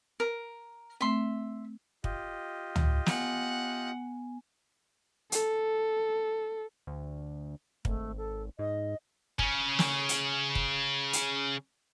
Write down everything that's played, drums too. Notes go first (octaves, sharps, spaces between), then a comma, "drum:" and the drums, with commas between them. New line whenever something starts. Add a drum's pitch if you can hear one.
A#4
A3 C4 E5 C6
F4 G4 D#5, drum: kick
drum: tom
B3 F#5 G#5, drum: snare
A4, drum: hi-hat
D2
G#1 A3, drum: kick
A4
G#2 D#5
C#3 C#4, drum: kick
drum: snare
drum: hi-hat
drum: kick
drum: hi-hat